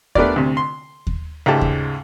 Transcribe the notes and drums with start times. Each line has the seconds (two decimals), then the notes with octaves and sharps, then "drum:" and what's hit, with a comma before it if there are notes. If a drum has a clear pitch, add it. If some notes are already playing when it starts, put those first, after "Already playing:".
0.15 A3 B3 D4 G4 A#4 D5, drum: kick D#2
0.36 D2 C3
0.57 C6
1.07 drum: kick D#2
1.46 C#2 G#2 G#3 A3 G4 A5
1.61 drum: kick D#2